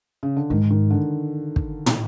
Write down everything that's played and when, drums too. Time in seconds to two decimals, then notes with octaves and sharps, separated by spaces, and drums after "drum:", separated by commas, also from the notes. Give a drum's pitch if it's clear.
0.23 C#3
0.37 D3
0.50 G#2 D#3
0.70 D#3
0.90 D3
1.56 drum: kick
1.86 drum: tom